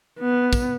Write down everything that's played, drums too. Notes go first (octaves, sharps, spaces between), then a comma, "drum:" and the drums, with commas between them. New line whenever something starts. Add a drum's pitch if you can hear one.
B3
drum: kick, tambourine